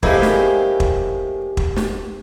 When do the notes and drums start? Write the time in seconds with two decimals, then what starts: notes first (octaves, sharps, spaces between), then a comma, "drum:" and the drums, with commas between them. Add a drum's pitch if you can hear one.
0.03 A2 C3 A#3 D#4 E4 G4 G#4, drum: kick
0.22 drum: snare
0.80 drum: kick
1.57 drum: kick
1.76 drum: snare